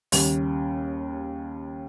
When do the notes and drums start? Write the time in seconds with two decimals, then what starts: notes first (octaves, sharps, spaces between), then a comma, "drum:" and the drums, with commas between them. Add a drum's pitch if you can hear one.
0.12 D#2 C#3 G3, drum: open hi-hat